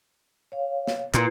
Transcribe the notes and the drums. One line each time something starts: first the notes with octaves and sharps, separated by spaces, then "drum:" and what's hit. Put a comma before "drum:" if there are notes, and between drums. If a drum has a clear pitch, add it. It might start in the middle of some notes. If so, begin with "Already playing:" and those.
C#5 F5
drum: snare
A#2 E4 F4 B4, drum: clap